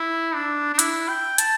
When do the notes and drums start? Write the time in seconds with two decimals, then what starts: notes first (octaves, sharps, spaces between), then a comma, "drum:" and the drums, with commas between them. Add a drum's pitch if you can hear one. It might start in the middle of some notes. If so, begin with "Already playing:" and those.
Already playing: E4
0.35 D4
0.73 D4
0.79 E4, drum: hi-hat
1.09 G5
1.38 A5, drum: hi-hat